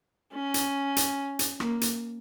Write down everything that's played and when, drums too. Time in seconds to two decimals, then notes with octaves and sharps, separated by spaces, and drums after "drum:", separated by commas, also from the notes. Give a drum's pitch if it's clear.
0.33 C#4
0.54 drum: hi-hat
0.96 drum: hi-hat
1.39 drum: hi-hat
1.60 A#3, drum: rim click
1.81 drum: hi-hat